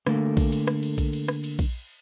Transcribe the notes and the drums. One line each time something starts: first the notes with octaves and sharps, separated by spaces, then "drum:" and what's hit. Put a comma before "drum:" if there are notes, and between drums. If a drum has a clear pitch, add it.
D3 A3 A#3, drum: rim click
drum: kick A#1, cymbal
drum: cymbal
drum: rim click
drum: cymbal
drum: kick A#1, cymbal
drum: cymbal
drum: rim click
drum: cymbal
drum: kick A#1, cymbal